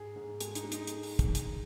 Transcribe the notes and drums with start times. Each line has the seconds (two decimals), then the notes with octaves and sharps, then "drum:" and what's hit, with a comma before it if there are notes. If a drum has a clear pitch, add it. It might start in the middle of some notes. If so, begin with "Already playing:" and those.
Already playing: G#2 G#4
0.16 G#2
0.40 G#3, drum: hi-hat
0.55 D#4, drum: hi-hat
0.64 G#3
0.72 D#4, drum: hi-hat
0.87 drum: hi-hat
1.03 drum: open hi-hat
1.19 drum: kick, hi-hat
1.35 drum: hi-hat